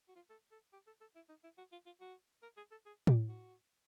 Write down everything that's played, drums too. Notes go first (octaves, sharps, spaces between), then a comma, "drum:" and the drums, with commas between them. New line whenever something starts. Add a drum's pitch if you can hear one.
F#4
F4
A4
A4
G4
A4
A4
E4
D#4
E4
F#4
F4
F4
F#4
A#4
G#4
A4
G#4
G4, drum: tom A2
F#4